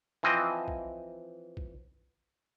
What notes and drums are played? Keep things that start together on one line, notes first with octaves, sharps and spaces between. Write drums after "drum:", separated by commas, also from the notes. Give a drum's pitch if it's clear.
E3 F3 C4 D#5
drum: kick
drum: kick